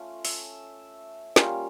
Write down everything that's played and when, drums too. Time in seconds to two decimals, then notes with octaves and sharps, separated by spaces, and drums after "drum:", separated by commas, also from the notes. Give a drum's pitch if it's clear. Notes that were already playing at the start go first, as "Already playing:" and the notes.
Already playing: A3 C#4 F4
0.25 E5, drum: open hi-hat
1.36 G3 A#3 C#4 F4, drum: snare